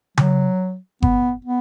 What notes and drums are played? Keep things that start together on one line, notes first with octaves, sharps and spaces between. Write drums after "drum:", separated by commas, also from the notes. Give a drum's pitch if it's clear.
F#3, drum: tom C#3
B3, drum: kick G1
B3